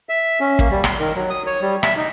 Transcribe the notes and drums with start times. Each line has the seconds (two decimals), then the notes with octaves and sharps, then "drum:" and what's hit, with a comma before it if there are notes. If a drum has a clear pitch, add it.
0.09 E5
0.40 C#4
0.59 A#3, drum: kick
0.71 G3
0.84 C6, drum: rim click
0.99 D#3
1.15 F#3
1.30 D#6
1.46 C#5
1.62 G3
1.83 E5, drum: rim click
1.97 D#4